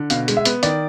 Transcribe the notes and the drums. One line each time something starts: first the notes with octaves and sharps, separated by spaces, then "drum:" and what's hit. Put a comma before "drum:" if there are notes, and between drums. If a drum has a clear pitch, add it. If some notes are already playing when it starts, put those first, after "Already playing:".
Already playing: D3
B2 F5, drum: hi-hat
G#3, drum: hi-hat
E5
B3, drum: hi-hat
D#3 D5, drum: hi-hat